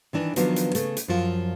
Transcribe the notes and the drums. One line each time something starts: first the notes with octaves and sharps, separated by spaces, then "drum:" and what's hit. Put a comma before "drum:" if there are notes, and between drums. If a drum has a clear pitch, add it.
D#3 E3 D4
D#3 F3 F#3 B3 D4, drum: hi-hat
drum: hi-hat
C#3 A3, drum: hi-hat
drum: hi-hat
F#2 F3 F4